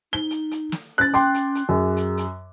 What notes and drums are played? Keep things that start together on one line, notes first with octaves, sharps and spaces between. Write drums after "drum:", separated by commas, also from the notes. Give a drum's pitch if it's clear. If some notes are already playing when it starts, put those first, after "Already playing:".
D#4 G7
drum: hi-hat
drum: hi-hat
drum: snare
C#4 F#6 A6
G5 C6 D6, drum: hi-hat
drum: hi-hat
drum: hi-hat
F#2 G#4
drum: hi-hat
drum: hi-hat